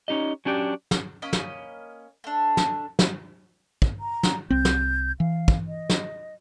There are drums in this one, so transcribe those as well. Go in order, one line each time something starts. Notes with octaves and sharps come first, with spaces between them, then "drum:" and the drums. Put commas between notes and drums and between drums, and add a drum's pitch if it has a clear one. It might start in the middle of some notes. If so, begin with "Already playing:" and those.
C#4 D#4 G4 D#5
F#3 C#4 D4 G4
drum: snare
A#3 C#4 D#5 B5
drum: snare
A3 D4
drum: snare
drum: snare
drum: kick
A#5
drum: snare
C2 C4 G6
drum: snare
E3 F5
drum: kick
D#5
drum: snare